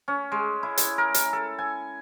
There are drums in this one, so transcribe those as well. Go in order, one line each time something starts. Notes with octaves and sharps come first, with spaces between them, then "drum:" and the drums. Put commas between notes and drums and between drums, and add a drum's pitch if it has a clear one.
C#4
G#3
E4
drum: hi-hat
A#4
drum: hi-hat
A4
G#5